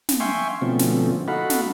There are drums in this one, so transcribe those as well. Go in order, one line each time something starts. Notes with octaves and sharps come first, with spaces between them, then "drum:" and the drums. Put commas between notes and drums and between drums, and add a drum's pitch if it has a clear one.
drum: snare
E5 F5 G5 G#5 C6 C#6
B2 D3 F3 A3 C4 C#4
drum: snare
D#4 F#4 A4 F5 F#5 B5
drum: snare